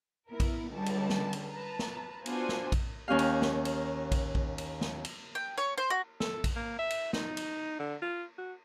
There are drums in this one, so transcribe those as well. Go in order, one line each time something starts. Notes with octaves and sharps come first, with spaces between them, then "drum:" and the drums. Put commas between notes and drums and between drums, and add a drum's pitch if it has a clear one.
B3 E4 A#4
drum: kick A#1, cymbal
C#2 D3 G3 A5
drum: cymbal
drum: snare
drum: cymbal
B4 A5 A#5
drum: snare
B3 D4 F4 F#4 C5 G#5, drum: cymbal
drum: snare
drum: kick A#1, cymbal
D#2 C#4 G4 F5
drum: cymbal
drum: snare
drum: cymbal
drum: kick A#1, cymbal
drum: kick A#1
drum: cymbal
drum: snare
drum: cymbal
G5
C#5
C5
F#4
A4, drum: snare
drum: kick A#1, cymbal
A#3
E5
drum: cymbal
D#4, drum: snare
drum: cymbal
D3
F4
F#4